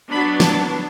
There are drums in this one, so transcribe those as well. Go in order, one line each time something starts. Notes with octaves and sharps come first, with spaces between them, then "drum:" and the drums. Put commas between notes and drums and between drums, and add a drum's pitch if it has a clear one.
F#3 B3 D4 B5
A5, drum: snare